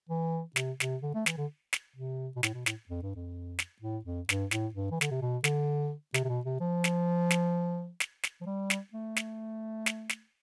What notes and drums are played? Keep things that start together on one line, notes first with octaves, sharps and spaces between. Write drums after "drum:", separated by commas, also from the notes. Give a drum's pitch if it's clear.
E3
C3, drum: snare
C3, drum: snare
D3
A3
E3, drum: snare
D3
drum: snare
C3
B2
A2, drum: snare
B2
A2, drum: snare
F2
G2
F2
drum: snare
A2
F2
G2, drum: snare
A2, drum: snare
G2
E3
D3, drum: snare
C3
B2
D3, drum: snare
C3, drum: snare
C3
B2
C3
F3
drum: snare
drum: snare
drum: snare
drum: snare
F3
G3
drum: snare
A3
drum: snare
drum: snare
drum: snare